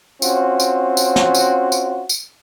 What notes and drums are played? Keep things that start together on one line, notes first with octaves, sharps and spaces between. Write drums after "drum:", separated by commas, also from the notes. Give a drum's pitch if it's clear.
C4 C#4 F4 F#4, drum: tambourine
drum: tambourine
drum: tambourine
drum: snare
drum: tambourine
drum: tambourine
drum: tambourine